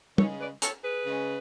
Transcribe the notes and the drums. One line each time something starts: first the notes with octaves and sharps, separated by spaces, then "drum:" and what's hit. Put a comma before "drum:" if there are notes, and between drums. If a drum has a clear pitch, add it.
C#3 G#3 C#4 A4 C#5, drum: tom
B4 D5
A4 C#5, drum: hi-hat
G#4 B4
C#3 G#3 C#4